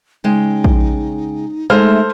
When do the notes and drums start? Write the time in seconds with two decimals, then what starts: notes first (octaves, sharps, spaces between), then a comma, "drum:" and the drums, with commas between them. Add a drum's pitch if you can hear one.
0.24 C#3 G#3 D#4 G5
0.64 drum: kick A#1
1.70 G#3 A3 D#4 A4 C5 F6